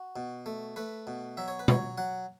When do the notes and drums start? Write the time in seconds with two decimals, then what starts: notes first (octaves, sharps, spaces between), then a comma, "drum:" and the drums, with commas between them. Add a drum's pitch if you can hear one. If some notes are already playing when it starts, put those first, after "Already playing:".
Already playing: F#4
0.16 B2
0.46 A3
0.76 A3 B4
1.07 B2
1.37 F#3 E5
1.48 C#5
1.59 B4
1.68 F#3 C#5, drum: tom B2
1.98 F#3 F#5